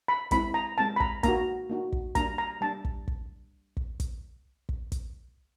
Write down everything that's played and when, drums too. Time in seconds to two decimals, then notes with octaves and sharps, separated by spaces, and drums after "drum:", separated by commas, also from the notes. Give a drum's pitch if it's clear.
0.08 B5
0.31 G#3 C4 E4 B5, drum: kick, hi-hat
0.54 A#5
0.77 G#3 C4 E4 A5
0.96 B5
1.00 A#5, drum: kick
1.23 A#3 D#4 F#4 A#5, drum: kick, hi-hat
1.69 A#3 D#4 F#4
1.92 drum: kick
2.15 G3 A#3 D4 A#5, drum: kick, hi-hat
2.38 A#5
2.61 G3 A#3 D4 A5
2.85 drum: kick
3.08 drum: kick
3.77 drum: kick
4.00 drum: kick, hi-hat
4.69 drum: kick
4.92 drum: kick, hi-hat